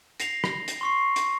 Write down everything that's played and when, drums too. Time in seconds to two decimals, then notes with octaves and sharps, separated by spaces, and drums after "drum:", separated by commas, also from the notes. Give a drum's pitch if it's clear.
0.20 A#6 C7 F7, drum: hi-hat
0.44 drum: rim click
0.68 drum: hi-hat
0.81 C6 C#6 C7
1.16 drum: hi-hat